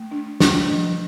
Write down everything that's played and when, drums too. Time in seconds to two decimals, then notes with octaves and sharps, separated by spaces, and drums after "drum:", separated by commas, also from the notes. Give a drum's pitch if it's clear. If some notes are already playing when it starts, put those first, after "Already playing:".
Already playing: A3
0.11 D4
0.40 A3 D4, drum: snare
0.70 F3